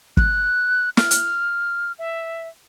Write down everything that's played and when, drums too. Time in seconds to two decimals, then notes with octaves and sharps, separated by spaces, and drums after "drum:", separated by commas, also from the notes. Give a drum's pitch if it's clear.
0.17 F#6, drum: kick
0.97 F6, drum: snare
1.11 drum: hi-hat
1.99 E5